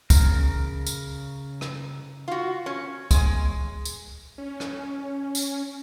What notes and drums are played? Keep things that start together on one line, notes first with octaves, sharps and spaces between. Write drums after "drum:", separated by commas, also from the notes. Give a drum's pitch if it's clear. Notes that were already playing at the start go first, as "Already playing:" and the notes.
C#3 A#4, drum: kick, tambourine
drum: tambourine
drum: rim click
F4 F#4
C#4
G#3 G#5, drum: kick, tambourine
drum: tambourine
C#4
drum: rim click
drum: tambourine